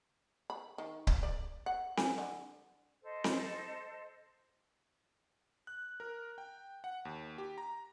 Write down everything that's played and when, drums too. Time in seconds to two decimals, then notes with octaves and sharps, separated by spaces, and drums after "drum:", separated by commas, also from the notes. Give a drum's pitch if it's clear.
0.50 B5
0.78 D#3
1.07 drum: kick C#1
1.23 D5
1.66 F#5
1.97 G#5, drum: snare C4
2.18 D3
3.02 A4 C5 D#5
3.24 drum: snare C4
5.67 F#6
6.00 A#4
6.38 G5
6.84 F#5
7.05 D#2
7.38 G4
7.58 A#5